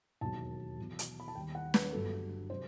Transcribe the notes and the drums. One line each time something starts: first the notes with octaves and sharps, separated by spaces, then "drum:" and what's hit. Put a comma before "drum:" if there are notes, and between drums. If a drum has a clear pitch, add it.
E1 D#2 D#3 F#3 A5
E2 B2 F#3
drum: hi-hat
B5
A5
D#2 D#3 G3 G5
F#5
B4, drum: snare
G1 G2 F#3 A4
C3 F#3 C5